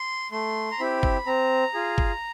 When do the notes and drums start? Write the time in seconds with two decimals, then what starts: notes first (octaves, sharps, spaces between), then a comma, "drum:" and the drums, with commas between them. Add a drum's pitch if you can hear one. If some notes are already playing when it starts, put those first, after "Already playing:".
Already playing: C6
0.32 A3 C6
0.71 A#5
0.79 C4 E4 G4 B5
1.03 drum: kick G1
1.26 C4 A#5
1.74 F4 G#4
1.98 drum: kick G1